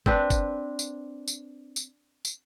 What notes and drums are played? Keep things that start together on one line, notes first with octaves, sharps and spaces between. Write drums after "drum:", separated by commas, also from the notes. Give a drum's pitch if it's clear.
C4 D4 B4, drum: kick G1
drum: kick G1, tambourine
drum: tambourine
drum: tambourine
drum: tambourine
drum: tambourine